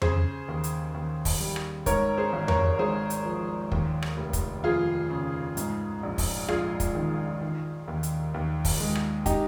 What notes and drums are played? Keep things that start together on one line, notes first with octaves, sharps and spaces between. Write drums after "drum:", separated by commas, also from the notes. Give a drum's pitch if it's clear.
C#3 G#4 C5, drum: tom F2
D#2
drum: hi-hat
D#2
drum: kick, open hi-hat
G3
drum: rim click
G#2 A#4 C#5, drum: kick, hi-hat
G#4 C5
G#1
A#4 C#5, drum: tom F2
G#1 G#4 C5
drum: hi-hat
F3
D#2, drum: kick
drum: rim click
F1
drum: kick, hi-hat
F3 F4 G#4
C#3
G#2, drum: hi-hat
A#1
drum: kick, open hi-hat
A#1 F4 G#4, drum: rim click
drum: kick, hi-hat
D#3
D#3
D#2
drum: hi-hat
D#2
drum: kick, open hi-hat
G#3
drum: rim click
D#4 G4, drum: kick, hi-hat